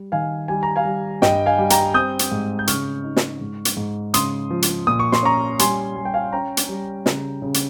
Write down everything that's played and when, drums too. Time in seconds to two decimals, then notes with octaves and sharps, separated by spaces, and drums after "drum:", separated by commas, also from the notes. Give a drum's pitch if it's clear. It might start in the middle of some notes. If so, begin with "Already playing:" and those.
Already playing: G3
0.12 D#3 F5 G#5
0.48 G3 G#5
0.63 A#5
0.76 F5 G#5
0.85 G3
1.22 G2 D#5 G5, drum: snare
1.46 F5 G#5
1.58 G3
1.70 G5 A#5, drum: hi-hat
1.94 C4 D#6 G6
2.19 drum: hi-hat
2.32 G#2
2.59 G6
2.67 C#3 C#6 F6, drum: hi-hat
3.04 D#4
3.16 drum: snare
3.41 G#2
3.65 drum: hi-hat
3.77 G#2
4.14 C#3 C6 D#6, drum: hi-hat
4.50 F3
4.62 drum: hi-hat
4.87 A#2 D#6
4.99 C#6
5.12 C6, drum: snare
5.23 C#4 A#5 C#6
5.59 G3 G#5 C6, drum: hi-hat
5.96 G3 G#5
6.05 G5
6.14 F5 G#5
6.33 C#4 G5 A#5
6.57 drum: hi-hat
6.69 G3
7.06 C#3, drum: snare
7.42 C#3
7.54 drum: hi-hat